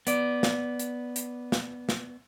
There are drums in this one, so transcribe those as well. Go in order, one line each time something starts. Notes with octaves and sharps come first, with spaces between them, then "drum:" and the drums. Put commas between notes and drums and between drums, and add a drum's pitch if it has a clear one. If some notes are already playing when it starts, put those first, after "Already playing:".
B3 D5, drum: hi-hat
drum: snare
drum: hi-hat
drum: hi-hat
drum: snare
drum: snare